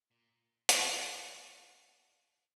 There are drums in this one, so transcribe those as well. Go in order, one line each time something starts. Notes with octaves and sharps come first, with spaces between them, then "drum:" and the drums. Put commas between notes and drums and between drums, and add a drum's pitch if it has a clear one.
A#2
A#2, drum: hi-hat
C3
A#2